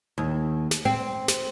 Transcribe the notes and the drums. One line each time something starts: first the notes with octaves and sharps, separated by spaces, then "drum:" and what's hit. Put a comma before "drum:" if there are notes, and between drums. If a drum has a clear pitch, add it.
D#2
drum: snare
C4
drum: snare